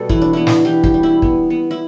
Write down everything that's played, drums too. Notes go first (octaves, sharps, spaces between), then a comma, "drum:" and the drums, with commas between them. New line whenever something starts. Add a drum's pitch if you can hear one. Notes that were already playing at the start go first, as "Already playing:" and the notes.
Already playing: B2 G3 A4
E3 E4, drum: kick
D4
B3 E4
drum: snare
E3 G4
G4, drum: kick
G3
E4
B3, drum: kick
B3
E4